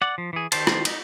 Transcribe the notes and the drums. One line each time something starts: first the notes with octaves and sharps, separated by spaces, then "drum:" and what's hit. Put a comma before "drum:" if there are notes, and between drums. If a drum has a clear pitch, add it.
D5 F#5
F3
E3 G#4
D#3 G4 C5 A5, drum: cymbal
drum: rim click
D#4, drum: cymbal